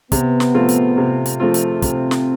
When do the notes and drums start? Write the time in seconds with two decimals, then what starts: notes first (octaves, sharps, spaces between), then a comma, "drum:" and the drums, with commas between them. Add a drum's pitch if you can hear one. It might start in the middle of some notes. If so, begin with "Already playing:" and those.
0.12 C3 B3, drum: kick, hi-hat
0.40 drum: snare
0.54 F3 A3 C4 F4
0.69 drum: hi-hat
0.97 C3
1.26 drum: hi-hat
1.40 F3 A3 C4 F4
1.54 drum: hi-hat
1.82 C3 C4, drum: kick, hi-hat
2.11 drum: snare